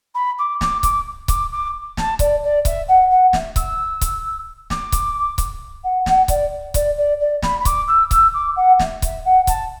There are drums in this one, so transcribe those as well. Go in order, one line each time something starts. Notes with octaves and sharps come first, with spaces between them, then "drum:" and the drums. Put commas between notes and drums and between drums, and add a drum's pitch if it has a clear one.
B5
D6
D6, drum: snare
D6, drum: kick C#1, hi-hat
D6, drum: kick C#1, hi-hat
D6
A5, drum: snare
D5, drum: kick C#1, hi-hat
D5
E5, drum: kick C#1, hi-hat
F#5
F#5
E5, drum: snare
E6, drum: kick C#1, hi-hat
drum: kick C#1, hi-hat
D6, drum: snare
drum: kick C#1, hi-hat
drum: kick C#1, hi-hat
F#5
F#5, drum: snare
D5, drum: kick C#1, hi-hat
D5, drum: kick C#1, hi-hat
D5
D5
B5, drum: snare
B5
D6, drum: kick C#1, hi-hat
E6
E6, drum: kick C#1, hi-hat
D6
F#5
E5, drum: snare
E5, drum: kick C#1, hi-hat
F#5
A5, drum: kick C#1, hi-hat